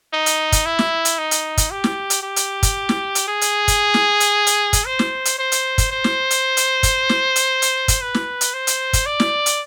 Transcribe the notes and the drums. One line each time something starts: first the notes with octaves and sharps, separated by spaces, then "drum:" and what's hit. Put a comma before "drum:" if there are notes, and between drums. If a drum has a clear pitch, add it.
D#4
drum: hi-hat
drum: kick, hi-hat
E4
drum: snare
drum: hi-hat
D#4
drum: hi-hat
drum: kick, hi-hat
G4
drum: snare
drum: hi-hat
G4
drum: hi-hat
drum: kick, hi-hat
drum: snare
drum: hi-hat
G#4
drum: hi-hat
drum: kick, hi-hat
drum: snare
drum: hi-hat
drum: hi-hat
drum: kick, hi-hat
C5
drum: snare
drum: hi-hat
C5
drum: hi-hat
drum: kick, hi-hat
C5
drum: snare
drum: hi-hat
drum: hi-hat
drum: kick, hi-hat
drum: snare
drum: hi-hat
drum: hi-hat
drum: kick, hi-hat
B4
drum: snare
drum: hi-hat
C5
drum: hi-hat
drum: kick, hi-hat
D5
drum: snare
drum: hi-hat